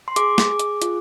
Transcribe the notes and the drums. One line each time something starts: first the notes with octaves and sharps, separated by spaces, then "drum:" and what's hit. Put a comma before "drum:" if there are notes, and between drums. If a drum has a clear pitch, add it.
C6
G#4 D6, drum: hi-hat
drum: snare
G#4
drum: hi-hat
F4, drum: hi-hat